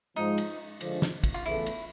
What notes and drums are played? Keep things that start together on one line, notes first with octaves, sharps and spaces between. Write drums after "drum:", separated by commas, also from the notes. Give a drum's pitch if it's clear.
G#2 F3 G#3 D#4
drum: cymbal
D3 F3 G#3, drum: cymbal
drum: snare
drum: kick, cymbal
F4
E2 C#3 E3 A3 E4
drum: cymbal